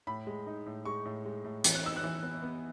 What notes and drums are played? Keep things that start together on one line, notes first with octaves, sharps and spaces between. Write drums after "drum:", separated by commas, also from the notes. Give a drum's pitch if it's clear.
A2 B5
G#3
D#4
A2
G#3 C#6
A2
G#3
A2
E3, drum: hi-hat
F#6
D#4 E6
F#6
E3
B3
B3